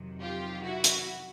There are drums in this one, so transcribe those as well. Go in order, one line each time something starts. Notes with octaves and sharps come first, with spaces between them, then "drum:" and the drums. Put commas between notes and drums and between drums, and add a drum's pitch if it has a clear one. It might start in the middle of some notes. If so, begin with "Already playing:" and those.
Already playing: F2 C3 D#3 F#3
F4 G4
E4 F#4
drum: hi-hat